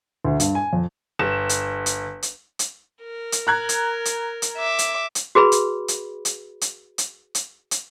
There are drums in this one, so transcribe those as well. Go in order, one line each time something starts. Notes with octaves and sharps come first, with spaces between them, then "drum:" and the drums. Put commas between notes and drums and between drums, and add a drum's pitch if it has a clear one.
D2
G2, drum: hi-hat
G#5
F2
G1 E7
drum: hi-hat
drum: hi-hat
drum: hi-hat
drum: hi-hat
A#4
drum: hi-hat
A#5 F#6 G#6
drum: hi-hat
drum: hi-hat
drum: hi-hat
E5 D6
drum: hi-hat
drum: hi-hat
F#4 G#4 B4 B5
drum: hi-hat
drum: hi-hat
drum: hi-hat
drum: hi-hat
drum: hi-hat
drum: hi-hat
drum: hi-hat